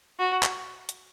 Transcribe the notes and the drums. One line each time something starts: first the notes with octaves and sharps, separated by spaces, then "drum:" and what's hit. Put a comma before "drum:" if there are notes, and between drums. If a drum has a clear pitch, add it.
F#4
drum: clap
drum: hi-hat